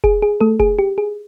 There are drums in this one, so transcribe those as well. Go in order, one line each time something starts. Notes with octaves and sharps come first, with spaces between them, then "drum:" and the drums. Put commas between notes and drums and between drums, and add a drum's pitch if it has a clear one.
G#4, drum: kick F1
G#4
A3 A4
G#4, drum: kick F1
G4
G#4